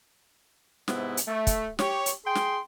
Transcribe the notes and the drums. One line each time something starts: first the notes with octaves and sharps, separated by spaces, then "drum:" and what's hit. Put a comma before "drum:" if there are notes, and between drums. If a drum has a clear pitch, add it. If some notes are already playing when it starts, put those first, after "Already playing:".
G#2 C3 B3 E4, drum: snare
drum: hi-hat
A3
drum: kick, hi-hat
G4 C#5, drum: snare
drum: hi-hat
G#4 G5 C6
drum: snare